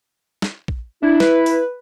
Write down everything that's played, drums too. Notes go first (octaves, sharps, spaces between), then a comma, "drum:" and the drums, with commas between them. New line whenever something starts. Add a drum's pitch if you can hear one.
drum: snare
drum: kick A#1
D4 E4
B4, drum: snare
drum: open hi-hat